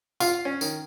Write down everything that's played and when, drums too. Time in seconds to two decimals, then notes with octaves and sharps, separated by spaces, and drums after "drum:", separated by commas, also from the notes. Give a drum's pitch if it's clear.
0.20 F4, drum: tambourine
0.45 C#4
0.61 D#3, drum: tambourine